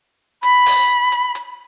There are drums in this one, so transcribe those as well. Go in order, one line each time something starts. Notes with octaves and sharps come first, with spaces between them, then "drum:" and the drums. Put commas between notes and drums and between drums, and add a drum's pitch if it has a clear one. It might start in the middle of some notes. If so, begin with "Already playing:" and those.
B5, drum: hi-hat
drum: open hi-hat
drum: hi-hat
drum: hi-hat